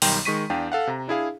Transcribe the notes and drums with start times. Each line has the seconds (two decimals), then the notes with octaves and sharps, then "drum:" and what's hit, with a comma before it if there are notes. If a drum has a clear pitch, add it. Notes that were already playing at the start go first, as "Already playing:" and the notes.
0.02 B1 D#3 G3 G5 A#5 C6, drum: open hi-hat
0.25 D#3 G#3 C#6 B6 D#7
0.50 E2 D4 F5 G5
0.72 A4 F5 F#5
0.87 C3 A#5
1.08 D4 E4 G#4 F5